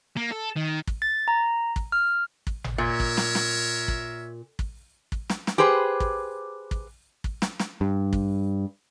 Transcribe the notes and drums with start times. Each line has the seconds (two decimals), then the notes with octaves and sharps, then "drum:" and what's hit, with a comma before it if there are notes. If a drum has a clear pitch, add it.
0.17 A#3
0.31 A4
0.56 D#3
0.87 drum: kick
1.02 A6
1.28 A#5
1.76 drum: kick
1.92 F6
2.47 drum: kick
2.64 drum: tom G#1
2.78 A#2 A#4 C#5 E5
3.00 drum: kick
3.17 drum: snare
3.35 drum: snare
3.88 drum: kick
4.59 drum: kick
5.12 drum: kick
5.30 drum: snare
5.47 drum: snare
5.58 G4 G#4 B4 C5
6.00 drum: kick
6.71 drum: kick
7.24 drum: kick
7.42 drum: snare
7.60 drum: snare
7.81 G2
8.13 drum: kick